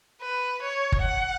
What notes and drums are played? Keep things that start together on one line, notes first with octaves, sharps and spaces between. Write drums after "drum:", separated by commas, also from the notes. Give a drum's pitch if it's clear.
B4
C#5
drum: kick
F#5